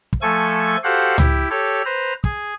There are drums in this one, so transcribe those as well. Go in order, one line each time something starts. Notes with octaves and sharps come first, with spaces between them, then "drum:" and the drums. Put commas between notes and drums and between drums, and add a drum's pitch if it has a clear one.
drum: kick
F3 A3 A4 G#5 C#6
F#4 G4 A4 C5 F5 F#5
E4 G4, drum: tom C#2
G4 A4 C#5
B4 C5 A#5
G#4, drum: kick